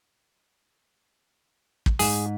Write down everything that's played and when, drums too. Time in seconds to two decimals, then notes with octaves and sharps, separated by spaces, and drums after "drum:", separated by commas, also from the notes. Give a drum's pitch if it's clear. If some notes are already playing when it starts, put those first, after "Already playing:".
1.86 drum: kick
1.99 G#2 G#4, drum: open hi-hat